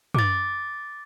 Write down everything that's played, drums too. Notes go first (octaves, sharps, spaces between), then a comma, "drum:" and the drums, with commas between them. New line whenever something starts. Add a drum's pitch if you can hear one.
D6 A6, drum: tom